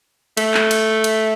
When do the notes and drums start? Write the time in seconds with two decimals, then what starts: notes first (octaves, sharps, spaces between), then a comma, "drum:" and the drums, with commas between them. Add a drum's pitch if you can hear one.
0.37 A3, drum: cymbal
0.54 drum: clap
0.71 drum: cymbal
1.04 drum: cymbal